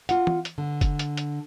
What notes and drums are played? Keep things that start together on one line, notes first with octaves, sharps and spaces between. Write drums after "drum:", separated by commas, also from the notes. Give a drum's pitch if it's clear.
F4 F#5, drum: hi-hat
drum: tom
drum: hi-hat
D3
drum: kick F1, hi-hat
drum: hi-hat
drum: hi-hat